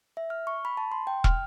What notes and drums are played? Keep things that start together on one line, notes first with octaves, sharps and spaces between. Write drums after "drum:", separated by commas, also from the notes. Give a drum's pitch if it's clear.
E5
F6
C#6
B5
A5
C6
G5
F6, drum: kick